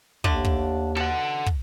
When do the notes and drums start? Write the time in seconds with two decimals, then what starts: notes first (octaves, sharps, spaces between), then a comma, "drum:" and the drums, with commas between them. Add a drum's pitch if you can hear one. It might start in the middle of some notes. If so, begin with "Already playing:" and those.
0.24 D#2 D3 A3 D4, drum: kick
0.45 drum: kick
0.97 B2 A4 F#5
1.46 drum: kick